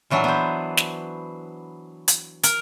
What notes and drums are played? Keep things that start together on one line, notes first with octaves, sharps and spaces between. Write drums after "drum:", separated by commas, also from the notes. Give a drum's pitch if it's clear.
A#2 E3 F#3 D4
B3 C5
drum: snare
drum: hi-hat
A#4, drum: hi-hat